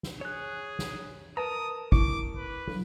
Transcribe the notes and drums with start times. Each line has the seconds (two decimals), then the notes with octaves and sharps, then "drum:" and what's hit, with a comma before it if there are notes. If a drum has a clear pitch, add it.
0.03 drum: snare
0.21 G#4 C#5 F#6
0.79 drum: snare
1.37 A#4 B4 A5 A#5 D#6
1.92 E4 D6, drum: kick
2.36 B4
2.68 drum: tom